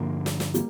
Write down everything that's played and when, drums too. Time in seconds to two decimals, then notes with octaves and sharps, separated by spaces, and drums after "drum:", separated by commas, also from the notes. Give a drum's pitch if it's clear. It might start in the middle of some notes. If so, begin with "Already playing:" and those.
Already playing: G2 D3 F3 A#3
0.26 drum: snare
0.40 drum: snare
0.54 G3 A#3, drum: hi-hat